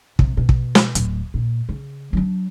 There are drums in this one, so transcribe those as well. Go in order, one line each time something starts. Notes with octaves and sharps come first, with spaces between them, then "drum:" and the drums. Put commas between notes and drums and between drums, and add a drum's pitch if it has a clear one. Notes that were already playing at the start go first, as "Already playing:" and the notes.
C3, drum: kick
B2
drum: kick
drum: snare
D1, drum: hi-hat
A#2
C#3
F#3 D4